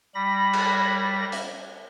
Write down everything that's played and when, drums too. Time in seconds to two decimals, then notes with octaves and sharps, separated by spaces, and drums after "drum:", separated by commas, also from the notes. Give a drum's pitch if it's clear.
0.15 G3 B5 A#6
0.53 drum: cymbal
1.32 drum: hi-hat